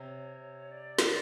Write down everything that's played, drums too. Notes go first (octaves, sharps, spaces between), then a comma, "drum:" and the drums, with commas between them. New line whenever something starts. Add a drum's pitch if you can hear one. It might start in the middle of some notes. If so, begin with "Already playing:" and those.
Already playing: C3 C#5
D5
drum: snare